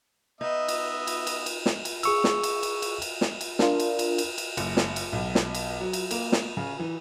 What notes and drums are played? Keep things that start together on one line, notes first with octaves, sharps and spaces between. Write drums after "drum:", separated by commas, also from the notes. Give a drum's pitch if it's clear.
B3 D#4 D#5 E5
drum: cymbal
drum: cymbal
drum: cymbal
drum: cymbal
drum: snare
drum: cymbal
G#4 C#6 E6, drum: cymbal
drum: snare
drum: cymbal
drum: cymbal
drum: cymbal
drum: cymbal
drum: snare
drum: cymbal
D4 F4 A#4, drum: snare
drum: cymbal
drum: cymbal
drum: cymbal
drum: cymbal
F#1, drum: cymbal
drum: snare
drum: cymbal
B1
drum: snare
drum: cymbal
F#3
drum: cymbal
A#3, drum: cymbal
drum: snare
C#3
E3